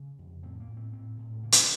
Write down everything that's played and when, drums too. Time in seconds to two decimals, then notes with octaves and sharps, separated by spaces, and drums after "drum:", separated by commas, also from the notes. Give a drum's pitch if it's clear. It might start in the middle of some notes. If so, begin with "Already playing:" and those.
Already playing: C#3 C#4
0.18 F2
0.43 A2 C4
0.60 A#3
0.68 A2
0.77 C4
0.93 A2 C4
1.18 A2
1.33 A3
1.42 C#3 A#3
1.52 drum: hi-hat